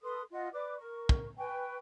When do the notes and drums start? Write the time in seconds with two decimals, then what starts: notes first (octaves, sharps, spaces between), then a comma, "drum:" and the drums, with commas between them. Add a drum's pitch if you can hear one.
0.02 A4 B4 C6 D#6
0.31 F4 D#5 F#5
0.53 B4 D5 D6
0.78 A#4 C#6
1.09 drum: kick
1.37 B4 G5 G#5 C#6